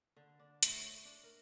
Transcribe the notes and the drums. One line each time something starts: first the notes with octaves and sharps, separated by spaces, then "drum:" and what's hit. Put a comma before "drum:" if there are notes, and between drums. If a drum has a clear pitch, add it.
D3
D4
A3, drum: hi-hat
C#5
D4
A#4